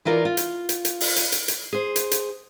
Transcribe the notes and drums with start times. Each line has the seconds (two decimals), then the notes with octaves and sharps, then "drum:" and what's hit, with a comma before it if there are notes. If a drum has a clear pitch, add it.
0.05 E3 D#4 F4 A#4 C5 D5
0.25 F4
0.37 drum: hi-hat
0.69 drum: hi-hat
0.85 drum: hi-hat
1.00 drum: open hi-hat
1.16 drum: hi-hat
1.32 drum: hi-hat
1.48 drum: hi-hat
1.73 G#4 C5
1.96 drum: hi-hat
2.11 drum: hi-hat